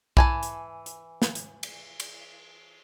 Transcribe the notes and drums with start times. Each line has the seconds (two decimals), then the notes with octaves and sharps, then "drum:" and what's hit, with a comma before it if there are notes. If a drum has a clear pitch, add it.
0.17 E3 G#5 A5, drum: kick B1
0.43 drum: hi-hat
0.86 drum: hi-hat
1.22 drum: snare
1.35 drum: hi-hat
1.63 drum: cymbal
2.00 drum: cymbal